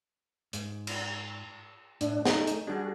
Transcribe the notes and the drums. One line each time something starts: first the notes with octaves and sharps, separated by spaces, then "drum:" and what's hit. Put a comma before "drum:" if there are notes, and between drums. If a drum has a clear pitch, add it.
G#2, drum: hi-hat
drum: cymbal
A2 D4, drum: hi-hat
A3 D#4 G#4 A#4, drum: snare
drum: hi-hat
G3 D4 F#4 G#4